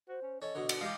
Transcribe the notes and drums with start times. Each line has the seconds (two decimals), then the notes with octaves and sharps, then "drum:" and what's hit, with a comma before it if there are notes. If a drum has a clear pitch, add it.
0.09 F#4 C5
0.22 C#4
0.42 C#4 A4 D#5
0.55 B2 D3 C#5
0.69 F#4, drum: cymbal
0.81 G#3 G4 D#5 F5